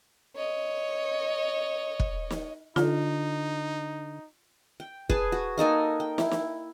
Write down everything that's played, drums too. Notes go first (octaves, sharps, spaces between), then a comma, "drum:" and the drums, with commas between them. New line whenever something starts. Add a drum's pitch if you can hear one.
C#5 D#5
drum: kick
drum: snare
D3 D#4 F4, drum: snare
G5
G#4 B4 G#5 A5, drum: kick
F#4
A#3 D#4 A4 G#5
G5
E4, drum: snare
drum: snare